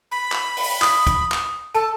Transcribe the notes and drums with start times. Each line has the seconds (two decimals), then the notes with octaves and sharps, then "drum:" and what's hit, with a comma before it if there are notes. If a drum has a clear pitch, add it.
0.12 B5
0.32 drum: clap
0.57 drum: open hi-hat
0.82 D#6, drum: clap
1.07 drum: kick, hi-hat
1.32 drum: clap
1.75 A4 A5